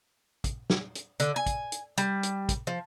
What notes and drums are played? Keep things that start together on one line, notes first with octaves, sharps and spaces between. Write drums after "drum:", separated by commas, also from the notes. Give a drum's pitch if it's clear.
drum: kick, hi-hat
drum: snare
drum: hi-hat
D3, drum: hi-hat
G#5
drum: kick, hi-hat
drum: hi-hat
G3, drum: hi-hat
drum: hi-hat
drum: kick, hi-hat
F3